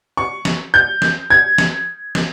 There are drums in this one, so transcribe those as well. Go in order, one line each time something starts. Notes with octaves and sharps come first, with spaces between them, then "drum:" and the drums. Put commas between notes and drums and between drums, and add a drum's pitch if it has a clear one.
C#6
drum: snare
G6
drum: snare
G#6
drum: snare
drum: snare